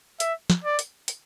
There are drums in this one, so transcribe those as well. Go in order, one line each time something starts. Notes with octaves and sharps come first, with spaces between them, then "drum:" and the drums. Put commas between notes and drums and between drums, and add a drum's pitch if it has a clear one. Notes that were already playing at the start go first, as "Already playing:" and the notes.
E5, drum: hi-hat
drum: snare
D5
drum: hi-hat
drum: hi-hat